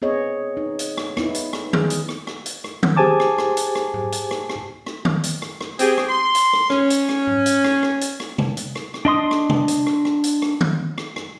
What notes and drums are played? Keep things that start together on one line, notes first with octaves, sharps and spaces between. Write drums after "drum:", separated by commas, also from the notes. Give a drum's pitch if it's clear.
B3 C4 G#4 C#5 D#5
D#4
drum: hi-hat
drum: rim click
B3 D#4 E4, drum: rim click
drum: hi-hat
drum: rim click
G#4, drum: tom D#3
drum: hi-hat
drum: rim click
drum: rim click
drum: hi-hat
drum: rim click
drum: tom D#3
G4 G#4 C5 G#5 A5 D6
drum: rim click
drum: rim click
drum: hi-hat
drum: rim click
drum: tom G#2
drum: hi-hat
drum: rim click
drum: rim click
drum: rim click
drum: tom D#3
drum: hi-hat
drum: rim click
drum: rim click
C4 G4 G#4, drum: hi-hat
drum: rim click
C6
drum: hi-hat
drum: rim click
C#4, drum: rim click
drum: hi-hat
drum: rim click
drum: tom G#2
drum: hi-hat
drum: rim click
drum: rim click
drum: hi-hat
drum: rim click
drum: tom C3
drum: hi-hat
drum: rim click
drum: rim click
D4 D#5 C6 D#6
drum: rim click
drum: tom C3
drum: hi-hat
drum: rim click
drum: rim click
drum: hi-hat
drum: rim click
drum: tom D#3
drum: rim click
drum: rim click